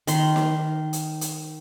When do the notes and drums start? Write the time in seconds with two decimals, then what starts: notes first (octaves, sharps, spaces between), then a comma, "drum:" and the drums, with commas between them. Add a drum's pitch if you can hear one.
0.07 D#3 C6, drum: hi-hat
0.36 drum: snare
0.93 drum: hi-hat
1.21 drum: hi-hat